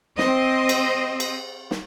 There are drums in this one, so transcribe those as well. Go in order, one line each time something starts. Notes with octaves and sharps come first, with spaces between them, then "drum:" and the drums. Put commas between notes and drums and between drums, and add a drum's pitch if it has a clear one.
C4 C5 D#5, drum: snare
drum: cymbal
drum: cymbal
drum: snare